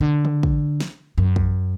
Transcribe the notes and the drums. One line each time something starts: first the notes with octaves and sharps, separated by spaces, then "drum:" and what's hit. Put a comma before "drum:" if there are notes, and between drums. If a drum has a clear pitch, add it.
D3
drum: tom C#3
drum: kick
drum: snare
F#2
drum: kick